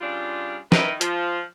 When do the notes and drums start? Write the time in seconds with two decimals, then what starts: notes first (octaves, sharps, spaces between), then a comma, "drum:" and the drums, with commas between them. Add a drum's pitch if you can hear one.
0.01 C#3 G3 D4 F4
0.72 D#3 D#4 E4 A#4 B4 D#5, drum: snare
1.01 F3 F4, drum: hi-hat